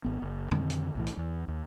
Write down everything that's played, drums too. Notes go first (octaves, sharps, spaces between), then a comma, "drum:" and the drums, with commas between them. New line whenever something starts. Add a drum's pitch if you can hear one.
G#1 B3
F#1
F2 D3 D#3 C4, drum: tom
drum: hi-hat
B1 A2 E3
drum: hi-hat
E2
D#2